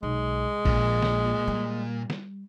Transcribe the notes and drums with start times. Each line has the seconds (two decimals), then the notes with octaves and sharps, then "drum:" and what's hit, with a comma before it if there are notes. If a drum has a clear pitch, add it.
0.03 B1 G#3
0.65 A#1 A#2, drum: kick A1
1.02 drum: snare
1.47 G3
2.10 drum: snare